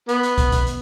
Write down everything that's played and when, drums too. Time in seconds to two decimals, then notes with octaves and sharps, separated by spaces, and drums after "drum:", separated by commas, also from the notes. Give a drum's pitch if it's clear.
0.09 B3, drum: hi-hat
0.23 drum: hi-hat
0.38 drum: kick, hi-hat
0.52 drum: kick, hi-hat
0.67 drum: hi-hat